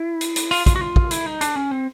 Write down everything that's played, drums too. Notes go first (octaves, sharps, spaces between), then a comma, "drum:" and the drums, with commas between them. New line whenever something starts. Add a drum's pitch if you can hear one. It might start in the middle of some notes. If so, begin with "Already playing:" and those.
Already playing: E4
drum: hi-hat
drum: hi-hat
F4, drum: open hi-hat
F4, drum: kick, hi-hat
F#4
F4
drum: kick
E4, drum: hi-hat
D#4
D4, drum: hi-hat
C#4
C4